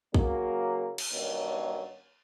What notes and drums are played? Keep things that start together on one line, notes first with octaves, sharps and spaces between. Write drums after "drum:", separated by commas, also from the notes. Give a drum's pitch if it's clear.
C#3 F#3 A#3, drum: kick
drum: cymbal
G2 D#3 F#3 A#3 C#4